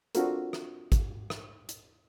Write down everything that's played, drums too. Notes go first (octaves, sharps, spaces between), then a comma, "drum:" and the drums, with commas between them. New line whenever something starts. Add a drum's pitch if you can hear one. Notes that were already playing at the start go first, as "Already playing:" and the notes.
C4 D4 F4 F#4 A4 A#4, drum: hi-hat
drum: rim click
drum: kick, hi-hat
drum: rim click
drum: hi-hat